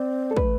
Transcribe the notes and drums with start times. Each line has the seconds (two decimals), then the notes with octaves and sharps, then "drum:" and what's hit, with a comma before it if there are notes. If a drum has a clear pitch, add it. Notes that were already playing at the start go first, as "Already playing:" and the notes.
Already playing: C4 D5
0.31 A4
0.36 A3 B4, drum: kick